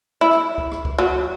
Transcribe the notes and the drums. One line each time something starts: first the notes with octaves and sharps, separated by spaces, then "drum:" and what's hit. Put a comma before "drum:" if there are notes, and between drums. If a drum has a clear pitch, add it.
E4
drum: rim click
drum: kick
drum: rim click
drum: kick
F#3